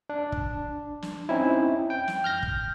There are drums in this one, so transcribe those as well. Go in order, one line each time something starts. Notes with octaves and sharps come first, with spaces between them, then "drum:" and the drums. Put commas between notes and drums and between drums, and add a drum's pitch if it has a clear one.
D4
drum: kick
drum: snare
C4 C#4 D#4 E4
G5
drum: snare
F6 G6 A#6
drum: kick